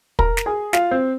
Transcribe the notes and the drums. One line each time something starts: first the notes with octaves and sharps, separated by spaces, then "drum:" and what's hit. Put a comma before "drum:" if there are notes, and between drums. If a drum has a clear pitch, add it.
A#4 A#5, drum: kick
drum: snare
G#4 G#5
F4 F5, drum: snare
C4 C5